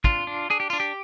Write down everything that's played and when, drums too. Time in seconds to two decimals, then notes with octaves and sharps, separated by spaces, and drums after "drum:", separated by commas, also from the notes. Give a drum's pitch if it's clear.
0.04 D4 F4, drum: kick
0.27 D4
0.50 D4 G#4
0.60 G4
0.70 D4 F4, drum: tambourine
0.80 G4